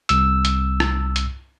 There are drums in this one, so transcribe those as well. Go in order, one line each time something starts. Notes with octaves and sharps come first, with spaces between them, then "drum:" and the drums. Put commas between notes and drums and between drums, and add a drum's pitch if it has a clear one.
C2 E6, drum: hi-hat
drum: hi-hat
drum: rim click
drum: hi-hat